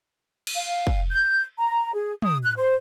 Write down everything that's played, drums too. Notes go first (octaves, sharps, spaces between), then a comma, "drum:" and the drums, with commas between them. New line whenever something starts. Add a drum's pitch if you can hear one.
drum: cymbal
F5
drum: kick
G6
A#5
G#4
D#6, drum: tom
F#6
C5